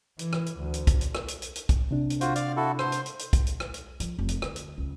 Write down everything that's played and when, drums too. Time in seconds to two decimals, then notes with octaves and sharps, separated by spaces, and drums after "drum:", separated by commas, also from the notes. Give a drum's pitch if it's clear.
0.19 E3, drum: hi-hat
0.33 drum: rim click
0.46 drum: hi-hat
0.59 D2
0.74 drum: hi-hat
0.87 drum: kick, hi-hat
1.01 drum: hi-hat
1.15 drum: rim click
1.28 drum: hi-hat
1.42 drum: hi-hat
1.56 drum: hi-hat
1.69 drum: kick, hi-hat
1.91 C3 D4
2.10 drum: hi-hat
2.21 F4 F#4 C5, drum: hi-hat
2.35 D5 F5 F6, drum: hi-hat
2.57 E4 F#4 A4
2.79 C5 C6, drum: rim click
2.92 drum: hi-hat
3.06 drum: hi-hat
3.19 drum: hi-hat
3.33 drum: kick, hi-hat
3.47 drum: hi-hat
3.60 drum: rim click
3.74 drum: hi-hat
4.00 F3, drum: hi-hat
4.19 F1
4.29 drum: hi-hat
4.42 D2, drum: rim click
4.56 drum: hi-hat
4.78 C#2